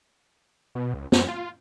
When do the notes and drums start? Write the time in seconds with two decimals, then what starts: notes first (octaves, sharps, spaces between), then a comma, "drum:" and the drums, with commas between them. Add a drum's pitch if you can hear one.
0.75 B2
0.94 C#2
1.12 F#2, drum: snare
1.28 F4